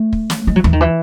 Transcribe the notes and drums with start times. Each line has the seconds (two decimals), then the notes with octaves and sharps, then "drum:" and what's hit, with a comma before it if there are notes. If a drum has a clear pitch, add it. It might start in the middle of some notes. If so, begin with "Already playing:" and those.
Already playing: A3
0.13 drum: kick
0.30 drum: snare
0.47 G#3
0.56 F#3
0.64 E3, drum: tom D#2
0.73 D#3
0.81 E3